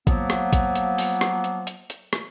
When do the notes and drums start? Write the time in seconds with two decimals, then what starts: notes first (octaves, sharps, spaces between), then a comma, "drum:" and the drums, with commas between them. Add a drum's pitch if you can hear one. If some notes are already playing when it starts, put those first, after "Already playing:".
0.07 F3 F#3 A#3 B3, drum: kick A1, hi-hat
0.30 drum: rim click
0.53 drum: kick A1, hi-hat
0.75 drum: hi-hat
0.98 drum: open hi-hat
1.21 drum: rim click
1.44 drum: hi-hat
1.67 drum: hi-hat
1.90 drum: hi-hat
2.13 drum: rim click